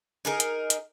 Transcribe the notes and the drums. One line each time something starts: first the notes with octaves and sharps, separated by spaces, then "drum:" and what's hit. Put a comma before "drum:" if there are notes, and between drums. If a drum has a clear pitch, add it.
D#4 G#4 A#4
drum: hi-hat
drum: hi-hat